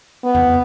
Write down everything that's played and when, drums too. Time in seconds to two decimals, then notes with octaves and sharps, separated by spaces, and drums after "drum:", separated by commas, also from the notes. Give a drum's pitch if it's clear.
0.24 B3
0.35 drum: tom E2